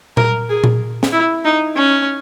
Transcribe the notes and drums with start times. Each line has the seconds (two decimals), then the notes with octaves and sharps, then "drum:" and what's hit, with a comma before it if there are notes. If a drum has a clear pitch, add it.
0.17 A#4, drum: tom A#2
0.49 G#4
0.64 drum: tom A#2
1.03 drum: snare
1.12 E4
1.45 D#4
1.76 C#4